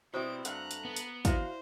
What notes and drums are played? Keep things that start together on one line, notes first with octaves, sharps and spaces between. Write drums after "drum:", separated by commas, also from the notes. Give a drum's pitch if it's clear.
B2 G3 C4 E4 F#4 C5 D#6 D7
G2 A3 F#5 A#5 F#6, drum: hi-hat
drum: hi-hat
B3
drum: hi-hat
E4 F#4 C5 D5 E5 F5, drum: kick, hi-hat